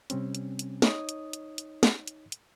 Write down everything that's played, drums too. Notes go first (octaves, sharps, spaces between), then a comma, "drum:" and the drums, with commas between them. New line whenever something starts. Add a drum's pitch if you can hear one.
C3 G3 C4 C#4, drum: hi-hat
drum: hi-hat
drum: hi-hat
D#4 C#5 D#5 D#6, drum: snare
drum: hi-hat
drum: hi-hat
drum: hi-hat
drum: snare
drum: hi-hat
drum: hi-hat